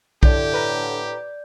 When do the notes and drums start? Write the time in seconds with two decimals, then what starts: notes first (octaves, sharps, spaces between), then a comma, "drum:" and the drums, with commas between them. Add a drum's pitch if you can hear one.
0.23 A2 D3 G4 D5 G6, drum: kick
0.54 B4 A#5